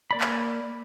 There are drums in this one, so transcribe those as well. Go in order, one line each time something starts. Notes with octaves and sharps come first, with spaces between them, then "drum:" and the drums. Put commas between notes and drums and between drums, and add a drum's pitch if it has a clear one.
A#3 D5 B5
drum: clap